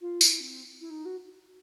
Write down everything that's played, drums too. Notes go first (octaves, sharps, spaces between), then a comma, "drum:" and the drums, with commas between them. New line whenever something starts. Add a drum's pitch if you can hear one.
F4
E4, drum: tambourine
C4
E4
D#4
F#4